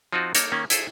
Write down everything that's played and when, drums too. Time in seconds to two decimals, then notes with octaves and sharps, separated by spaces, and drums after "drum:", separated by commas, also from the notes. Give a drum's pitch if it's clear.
0.13 F3 C4 D#4 F4 F#4
0.35 A#3 D#4 A4 A#4 C#5, drum: hi-hat
0.52 D#3 A#3 C#4
0.70 E4 G#4 A4 C5, drum: hi-hat